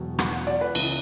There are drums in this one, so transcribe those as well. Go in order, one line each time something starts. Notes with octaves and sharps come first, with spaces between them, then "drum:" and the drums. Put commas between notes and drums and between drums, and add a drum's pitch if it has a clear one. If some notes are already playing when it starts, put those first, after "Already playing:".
Already playing: E1 E2 B2 F#3
F#5, drum: rim click
F#5
D5
B4
C#2 C#3 E3, drum: cymbal